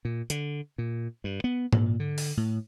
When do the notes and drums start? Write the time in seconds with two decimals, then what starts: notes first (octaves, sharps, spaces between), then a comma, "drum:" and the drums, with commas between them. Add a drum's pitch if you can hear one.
0.05 A#2
0.30 D3, drum: hi-hat
0.78 A#2
1.24 G2
1.44 B3
1.73 A#2, drum: tom G#2
2.00 D3
2.18 drum: open hi-hat
2.37 A2